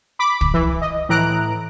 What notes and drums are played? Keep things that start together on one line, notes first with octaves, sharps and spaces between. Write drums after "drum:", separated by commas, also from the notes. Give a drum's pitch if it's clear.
B5 D6 B6
drum: kick
E3
D#5
A2 E3 A#5 F#6 D7